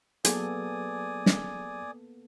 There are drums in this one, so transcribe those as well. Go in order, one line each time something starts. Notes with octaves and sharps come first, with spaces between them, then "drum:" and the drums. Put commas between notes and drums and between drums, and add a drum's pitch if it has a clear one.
F#3 A#3 B3 G#4 A4 D5 G#5 D#6, drum: hi-hat
drum: snare